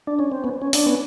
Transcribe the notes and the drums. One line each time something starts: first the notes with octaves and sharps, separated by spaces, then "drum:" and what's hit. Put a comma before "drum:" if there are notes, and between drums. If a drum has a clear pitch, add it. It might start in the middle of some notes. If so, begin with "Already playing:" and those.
D4
C#4
C4
B3 C#4
C#4
D4, drum: open hi-hat
B3 C#4